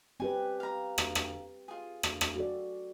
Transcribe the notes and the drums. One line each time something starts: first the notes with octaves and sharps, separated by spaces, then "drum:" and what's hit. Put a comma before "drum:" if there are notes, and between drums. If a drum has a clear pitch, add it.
C4 G4 B4 D5 G#5
F5 A#5
drum: rim click
drum: rim click
F4 G#4
drum: rim click
drum: rim click
F#4 A4 D5